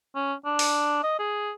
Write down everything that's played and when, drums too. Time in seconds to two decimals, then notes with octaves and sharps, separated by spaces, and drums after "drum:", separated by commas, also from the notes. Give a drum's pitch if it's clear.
0.15 C#4
0.45 D4
0.59 drum: open hi-hat
1.03 D#5
1.19 G#4